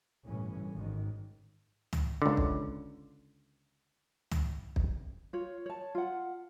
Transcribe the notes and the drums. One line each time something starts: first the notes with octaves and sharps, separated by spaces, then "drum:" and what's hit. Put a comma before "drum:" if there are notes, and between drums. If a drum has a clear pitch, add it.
G1 C2 A2 E3 C#4
G#1 G#2 D#3
drum: tom
C#2 D3
drum: kick
drum: tom
drum: kick
F4 C#5
C#5 A5
F4 F#5